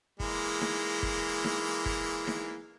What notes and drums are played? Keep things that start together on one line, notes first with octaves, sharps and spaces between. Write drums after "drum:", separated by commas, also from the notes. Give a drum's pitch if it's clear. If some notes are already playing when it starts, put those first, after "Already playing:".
E3 G#3 A#3, drum: kick
drum: snare D#4
drum: kick
drum: snare D#4
drum: kick
drum: snare D#4